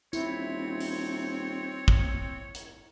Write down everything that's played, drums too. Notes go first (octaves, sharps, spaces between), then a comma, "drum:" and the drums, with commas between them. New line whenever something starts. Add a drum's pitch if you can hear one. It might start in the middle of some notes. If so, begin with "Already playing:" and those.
D#1 C4 E4 C#5, drum: tambourine
drum: open hi-hat
drum: kick
drum: hi-hat